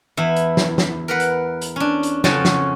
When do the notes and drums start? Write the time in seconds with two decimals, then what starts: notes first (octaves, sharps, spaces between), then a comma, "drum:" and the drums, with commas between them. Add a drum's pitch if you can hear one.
0.17 E2 E4
0.36 drum: hi-hat
0.57 drum: snare
0.78 drum: snare
1.08 A#4 B4 F#5
1.20 drum: hi-hat
1.61 drum: hi-hat
1.76 C#4 D4
2.03 drum: hi-hat
2.24 F2 C#3 C#4 F#4 A5, drum: snare
2.45 drum: snare